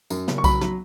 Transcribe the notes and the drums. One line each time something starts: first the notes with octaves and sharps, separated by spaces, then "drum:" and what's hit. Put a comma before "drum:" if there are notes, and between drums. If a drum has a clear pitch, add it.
F#2, drum: tambourine
F#1, drum: snare
C#6
F#3 B5, drum: kick B1, tambourine
F#3, drum: snare